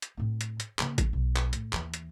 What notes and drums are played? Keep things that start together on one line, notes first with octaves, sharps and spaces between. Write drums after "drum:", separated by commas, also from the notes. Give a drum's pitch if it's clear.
drum: hi-hat
A2 C4
drum: hi-hat
drum: hi-hat
C#3 A#3, drum: clap
drum: kick A1, hi-hat
B1
drum: clap
A2, drum: hi-hat
D#2 E3, drum: clap
drum: hi-hat